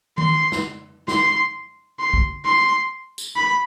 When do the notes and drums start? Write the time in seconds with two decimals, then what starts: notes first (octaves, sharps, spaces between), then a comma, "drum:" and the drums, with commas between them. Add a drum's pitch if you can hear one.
0.18 C6, drum: tom D#3
0.52 drum: snare
1.08 C6, drum: snare
1.99 C6
2.14 drum: kick
2.45 C6
3.18 drum: tambourine
3.36 B5